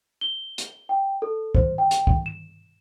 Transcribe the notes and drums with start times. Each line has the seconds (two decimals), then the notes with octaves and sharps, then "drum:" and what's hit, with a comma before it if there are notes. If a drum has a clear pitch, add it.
0.21 G7
0.58 drum: hi-hat
0.89 G5
1.22 A4
1.55 C5, drum: kick
1.78 G5
1.91 drum: hi-hat
2.07 drum: kick
2.26 E7